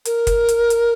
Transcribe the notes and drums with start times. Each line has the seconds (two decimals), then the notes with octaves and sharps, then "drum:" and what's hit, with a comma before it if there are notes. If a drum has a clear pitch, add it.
0.05 A#4, drum: hi-hat
0.27 drum: kick, hi-hat
0.49 drum: hi-hat
0.70 drum: hi-hat